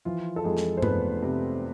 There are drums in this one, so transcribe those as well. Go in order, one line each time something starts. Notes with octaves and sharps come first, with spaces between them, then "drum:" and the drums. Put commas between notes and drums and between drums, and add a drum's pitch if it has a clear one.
E3 F3 F4
A4
F2 G#3 G#4
drum: snare
C5
F1 B3 B4, drum: tom G2
C3